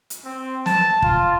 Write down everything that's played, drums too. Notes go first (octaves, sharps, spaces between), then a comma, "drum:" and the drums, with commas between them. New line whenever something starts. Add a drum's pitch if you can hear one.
drum: hi-hat
C4
A5, drum: snare
F4, drum: kick